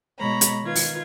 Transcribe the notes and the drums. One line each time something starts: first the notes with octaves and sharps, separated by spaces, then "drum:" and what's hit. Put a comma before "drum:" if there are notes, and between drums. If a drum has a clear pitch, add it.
B2 G#3 C#5 A#5 B5
drum: hi-hat
D#3 F4 B4 G#6
drum: open hi-hat